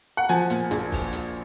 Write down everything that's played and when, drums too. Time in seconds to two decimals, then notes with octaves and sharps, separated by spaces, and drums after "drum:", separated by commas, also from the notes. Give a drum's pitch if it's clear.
0.17 F#5
0.29 F3 G#5, drum: hi-hat
0.50 A#2, drum: hi-hat
0.71 A#1, drum: hi-hat
0.92 drum: kick, open hi-hat
1.13 drum: hi-hat